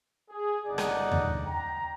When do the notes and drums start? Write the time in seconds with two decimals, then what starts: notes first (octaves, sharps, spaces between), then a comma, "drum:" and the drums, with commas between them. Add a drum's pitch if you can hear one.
0.30 G#4
0.66 G1 C#3 D#4 D5 F#5
0.78 drum: rim click
1.12 drum: tom D#2
1.45 G5 A#5